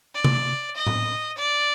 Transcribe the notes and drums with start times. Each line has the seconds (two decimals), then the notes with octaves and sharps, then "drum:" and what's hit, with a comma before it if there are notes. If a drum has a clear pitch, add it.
0.14 D5
0.24 drum: tom C3
0.76 D#5
0.87 drum: tom A2
1.37 D5